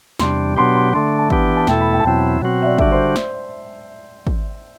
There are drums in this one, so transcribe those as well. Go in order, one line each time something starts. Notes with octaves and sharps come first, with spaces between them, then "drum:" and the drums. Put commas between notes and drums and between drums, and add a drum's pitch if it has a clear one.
E2 C3 G3 D4 C6, drum: snare
B2 F#3 B3 D4 G4 C6
C6
D3 A3 D4 C6
A5
E3 B3 D4 G4, drum: kick
A5
E2 B2 A3 E4 A4 G5, drum: snare
B5
G5
A5
E2 B2 F#3 C4 E4 G5
B2 F#3 C4 F#4
E5
D5
D3 G3 D4 F#4 E5, drum: kick
C5
drum: snare
drum: kick